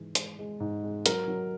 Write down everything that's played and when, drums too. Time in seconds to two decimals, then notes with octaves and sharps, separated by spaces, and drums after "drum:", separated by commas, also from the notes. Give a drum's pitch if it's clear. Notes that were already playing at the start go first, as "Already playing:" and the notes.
Already playing: G#2 E3 G#3
0.15 G#3, drum: hi-hat
0.39 G#3
0.60 G#2
0.83 G#3
1.06 F#3 A#4, drum: hi-hat
1.28 F#3